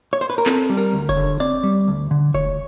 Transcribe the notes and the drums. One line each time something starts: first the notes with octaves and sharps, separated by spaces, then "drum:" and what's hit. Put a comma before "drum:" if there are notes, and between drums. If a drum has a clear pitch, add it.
C#5
C5
B4
A#4
C4 A4, drum: clap
G3
A#4, drum: tambourine
D2
C#5, drum: kick F1, tambourine
D3
C4 D5, drum: tambourine
G3
D2
D3
D2 C#5, drum: kick F1